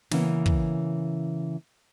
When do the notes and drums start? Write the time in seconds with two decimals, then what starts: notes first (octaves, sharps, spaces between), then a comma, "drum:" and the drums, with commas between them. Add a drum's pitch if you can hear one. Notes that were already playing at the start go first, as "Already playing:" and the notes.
0.11 C#3 E3 A#3 B3 C#4, drum: snare
0.46 drum: kick